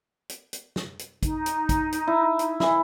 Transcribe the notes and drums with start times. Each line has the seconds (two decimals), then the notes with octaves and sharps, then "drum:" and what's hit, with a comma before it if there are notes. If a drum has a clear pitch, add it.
0.29 drum: hi-hat
0.53 drum: hi-hat
0.76 drum: snare
0.99 drum: hi-hat
1.23 D#4, drum: kick, hi-hat
1.46 drum: hi-hat
1.69 drum: kick, hi-hat
1.92 drum: hi-hat
2.07 E4
2.39 drum: hi-hat
2.60 E3 E4, drum: snare